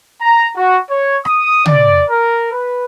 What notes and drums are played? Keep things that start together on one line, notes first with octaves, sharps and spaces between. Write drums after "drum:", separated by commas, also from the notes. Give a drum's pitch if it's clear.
A#5
F#4
C#5
D#6, drum: rim click
D5, drum: tom
A#4
B4